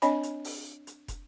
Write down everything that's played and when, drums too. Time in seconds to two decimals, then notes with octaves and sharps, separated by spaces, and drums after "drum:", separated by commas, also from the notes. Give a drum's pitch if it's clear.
0.02 C4 D4 C#5 D#5 G#5 B5, drum: hi-hat
0.23 drum: hi-hat
0.45 drum: open hi-hat
0.87 drum: hi-hat
1.08 drum: kick, hi-hat